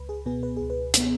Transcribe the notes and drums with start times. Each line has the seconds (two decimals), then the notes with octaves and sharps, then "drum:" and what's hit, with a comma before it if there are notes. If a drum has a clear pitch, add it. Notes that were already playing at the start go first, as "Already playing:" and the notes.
Already playing: C#2 B4
0.09 G#4
0.26 B2 B3 G#4
0.43 B4
0.57 C#2 G#4
0.70 B4
0.94 B2 B3, drum: hi-hat